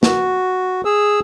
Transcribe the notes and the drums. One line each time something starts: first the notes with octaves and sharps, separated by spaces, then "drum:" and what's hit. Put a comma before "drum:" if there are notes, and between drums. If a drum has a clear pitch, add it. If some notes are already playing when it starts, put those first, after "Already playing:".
F#4, drum: snare
G#4 E6